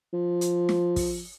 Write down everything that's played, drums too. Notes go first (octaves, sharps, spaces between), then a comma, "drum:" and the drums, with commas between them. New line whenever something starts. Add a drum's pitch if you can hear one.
F3
drum: hi-hat
drum: snare
drum: kick, open hi-hat